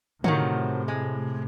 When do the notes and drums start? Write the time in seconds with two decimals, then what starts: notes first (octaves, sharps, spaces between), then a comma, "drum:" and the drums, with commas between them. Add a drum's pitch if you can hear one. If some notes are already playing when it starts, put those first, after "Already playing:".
0.24 A2 C3 D#3 F3 F#3, drum: tom D3
0.88 G#3